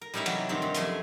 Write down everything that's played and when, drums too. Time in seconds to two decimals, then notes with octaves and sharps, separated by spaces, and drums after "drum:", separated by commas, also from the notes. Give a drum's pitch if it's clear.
0.01 A#4
0.14 G3 C#4 D#4 E4 C#5 E5
0.26 C3 E3 F#3, drum: cymbal
0.49 G2 D#3 C4
0.62 G2
0.75 F#2 F3 A3 G#5 C6, drum: hi-hat